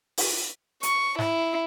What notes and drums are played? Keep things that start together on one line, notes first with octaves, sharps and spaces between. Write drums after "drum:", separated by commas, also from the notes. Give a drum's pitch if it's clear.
drum: open hi-hat
C#6, drum: hi-hat
E4, drum: snare G#2